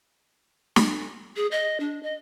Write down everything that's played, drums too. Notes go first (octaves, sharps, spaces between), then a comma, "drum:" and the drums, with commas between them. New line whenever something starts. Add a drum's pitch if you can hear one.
drum: snare
G#4
D#5
D4
D#5